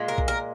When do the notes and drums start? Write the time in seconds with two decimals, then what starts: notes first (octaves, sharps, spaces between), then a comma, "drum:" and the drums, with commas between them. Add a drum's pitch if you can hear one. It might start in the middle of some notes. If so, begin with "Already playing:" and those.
Already playing: A#2 G#3
0.08 A#4
0.18 drum: kick B1
0.28 A#4